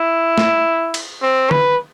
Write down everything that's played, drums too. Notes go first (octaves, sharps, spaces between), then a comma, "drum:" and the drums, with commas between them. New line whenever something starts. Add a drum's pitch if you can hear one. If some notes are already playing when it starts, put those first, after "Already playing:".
Already playing: E4
drum: snare
drum: cymbal
C4
B4, drum: tom D3